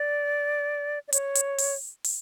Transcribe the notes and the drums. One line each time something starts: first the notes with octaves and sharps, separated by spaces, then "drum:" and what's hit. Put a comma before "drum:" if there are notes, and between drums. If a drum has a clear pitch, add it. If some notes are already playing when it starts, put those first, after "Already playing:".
Already playing: D5
D5
C#5, drum: hi-hat
drum: hi-hat
drum: open hi-hat
drum: open hi-hat